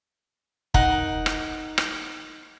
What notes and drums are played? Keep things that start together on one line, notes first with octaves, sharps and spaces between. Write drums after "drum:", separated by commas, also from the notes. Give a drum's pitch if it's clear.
D#4 A#4 F#5, drum: kick F1
drum: rim click
drum: rim click